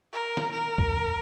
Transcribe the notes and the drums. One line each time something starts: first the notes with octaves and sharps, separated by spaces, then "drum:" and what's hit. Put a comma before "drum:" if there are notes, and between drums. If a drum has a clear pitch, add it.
A#4
drum: snare
A#4
drum: kick C2